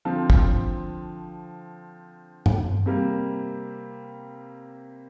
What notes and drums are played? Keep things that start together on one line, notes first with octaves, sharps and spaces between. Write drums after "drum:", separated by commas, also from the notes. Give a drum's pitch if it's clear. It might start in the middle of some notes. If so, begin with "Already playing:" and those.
D3 F3 C4
drum: kick
drum: tom G2
C3 G3 A#3